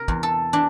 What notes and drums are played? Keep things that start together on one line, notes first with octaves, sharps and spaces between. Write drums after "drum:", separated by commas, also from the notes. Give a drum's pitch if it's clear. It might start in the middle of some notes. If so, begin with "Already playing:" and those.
Already playing: C3 A#4
E2, drum: kick
A4
E3 D4